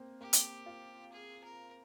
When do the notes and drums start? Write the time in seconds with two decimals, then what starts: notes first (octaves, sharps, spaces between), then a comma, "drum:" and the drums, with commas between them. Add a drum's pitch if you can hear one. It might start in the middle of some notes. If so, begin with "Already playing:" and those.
Already playing: A#3 C4
0.21 A#3 G4
0.33 drum: hi-hat
0.66 F4
1.12 G#4
1.44 A#4